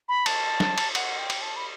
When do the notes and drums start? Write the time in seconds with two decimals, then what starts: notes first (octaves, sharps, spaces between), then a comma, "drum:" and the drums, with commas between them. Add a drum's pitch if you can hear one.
0.09 B5
0.26 A5, drum: cymbal
0.60 drum: snare
0.78 drum: cymbal
0.95 F#5, drum: cymbal
1.18 G5
1.30 drum: cymbal
1.42 A5
1.56 B5